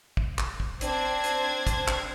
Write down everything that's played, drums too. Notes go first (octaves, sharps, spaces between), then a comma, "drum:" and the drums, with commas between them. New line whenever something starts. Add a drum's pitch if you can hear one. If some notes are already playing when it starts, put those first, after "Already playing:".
drum: kick
drum: clap
drum: kick
C4 D4 C5 G#6, drum: hi-hat
drum: hi-hat
drum: kick, hi-hat
drum: clap